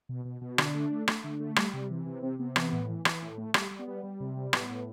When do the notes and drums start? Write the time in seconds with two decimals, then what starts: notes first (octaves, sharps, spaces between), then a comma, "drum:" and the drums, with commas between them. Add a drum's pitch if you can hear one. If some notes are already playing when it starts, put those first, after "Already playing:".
0.09 B2
0.25 B2
0.41 B2
0.58 D3 D4, drum: rim click
0.74 A3
0.91 A3
1.08 A3, drum: rim click
1.24 D3
1.40 A3
1.56 G3, drum: rim click
1.74 C3
1.90 E3
2.06 C3
2.22 C3 C4
2.39 C3 B3
2.56 E3 B3, drum: rim click
2.73 A2
2.89 E3
3.05 E3, drum: rim click
3.22 A2
3.38 A3
3.54 G3 A3, drum: rim click
3.71 G3
3.79 B3
3.88 G3
4.03 G3
4.20 C3
4.37 G3
4.53 A2 B3, drum: rim click
4.69 A2